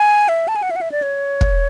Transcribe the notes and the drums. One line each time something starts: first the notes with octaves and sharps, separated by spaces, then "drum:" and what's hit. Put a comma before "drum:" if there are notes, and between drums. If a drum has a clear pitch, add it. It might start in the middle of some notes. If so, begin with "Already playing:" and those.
Already playing: G#5
E5
A5
G#5
F#5
E5
F#5
E5
D5
C#5
drum: kick